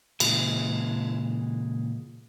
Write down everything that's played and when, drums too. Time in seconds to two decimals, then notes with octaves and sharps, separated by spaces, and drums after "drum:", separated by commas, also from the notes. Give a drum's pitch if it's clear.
0.20 A#2 C#3 E3 G#3, drum: cymbal